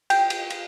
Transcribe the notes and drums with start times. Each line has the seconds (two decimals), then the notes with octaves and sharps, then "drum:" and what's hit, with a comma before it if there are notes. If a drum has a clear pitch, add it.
0.10 G5, drum: cymbal
0.30 drum: cymbal
0.50 drum: cymbal